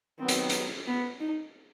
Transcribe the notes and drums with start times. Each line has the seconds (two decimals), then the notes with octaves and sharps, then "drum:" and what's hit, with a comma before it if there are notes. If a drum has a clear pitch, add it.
0.19 D#3 F#3 B3 C4
0.28 drum: hi-hat
0.50 drum: hi-hat
0.87 B3
1.20 D#4